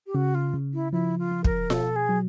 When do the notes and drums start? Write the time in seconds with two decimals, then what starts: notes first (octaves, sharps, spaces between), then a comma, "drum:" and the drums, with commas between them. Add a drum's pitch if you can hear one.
0.06 G4
0.15 C#3 F#4
0.35 F4
0.54 C#3
0.74 E4
0.92 F3 E4
1.18 F4
1.31 F3
1.44 A#4, drum: kick
1.70 B2 A4, drum: snare F4
1.96 G#4
2.09 F#3